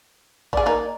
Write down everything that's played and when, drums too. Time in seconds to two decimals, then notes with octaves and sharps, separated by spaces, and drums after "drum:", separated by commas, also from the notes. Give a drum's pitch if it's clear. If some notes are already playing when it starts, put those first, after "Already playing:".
0.53 G3 G#4 D5, drum: kick A1
0.66 A#3 D#4